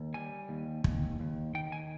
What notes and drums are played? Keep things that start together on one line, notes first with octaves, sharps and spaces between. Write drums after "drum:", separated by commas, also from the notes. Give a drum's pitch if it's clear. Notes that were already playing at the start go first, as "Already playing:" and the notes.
Already playing: D#2
G3 G#5
D#2
D#2, drum: kick
D#2
D#3 G5
G#5